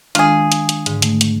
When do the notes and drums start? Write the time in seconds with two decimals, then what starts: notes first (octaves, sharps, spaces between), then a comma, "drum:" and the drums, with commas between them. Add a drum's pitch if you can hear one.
0.15 D#3 G#3 D4 F4 G#4, drum: hi-hat
0.52 drum: hi-hat
0.69 drum: hi-hat
0.86 G#2 D3, drum: hi-hat
1.02 A3, drum: hi-hat
1.21 drum: hi-hat